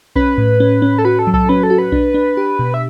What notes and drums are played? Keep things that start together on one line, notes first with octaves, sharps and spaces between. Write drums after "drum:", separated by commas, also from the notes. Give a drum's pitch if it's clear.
C#4 B4, drum: kick B1
A2
C#4
C#4
A4
F#4 B4
A4
F#3
A4, drum: kick B1
C#4 B4
A4
F#4
B4
D4, drum: kick B1
D4
G4
B2
E5